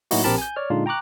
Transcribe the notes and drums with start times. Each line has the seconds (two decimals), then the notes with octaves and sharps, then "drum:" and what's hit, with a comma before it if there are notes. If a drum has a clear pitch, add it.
0.11 A2 F#3 A#3 D#4 E4 F#4, drum: open hi-hat
0.24 A#1 C4 G4 A#4 A5 B5
0.38 G#5 G6
0.56 C#5 D5 F6
0.70 A#2 D3 G#3 D4 D#4 F4
0.86 G5 A#5 C#6 D6 F#6